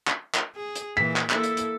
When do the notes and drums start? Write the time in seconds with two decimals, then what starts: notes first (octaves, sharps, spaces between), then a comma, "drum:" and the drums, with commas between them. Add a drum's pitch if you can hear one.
0.07 drum: clap
0.35 drum: clap
0.56 G#4
0.75 drum: hi-hat
0.97 A#2 E3 B6
1.16 drum: clap
1.30 A#3 E4 A4, drum: clap
1.43 drum: hi-hat
1.57 drum: hi-hat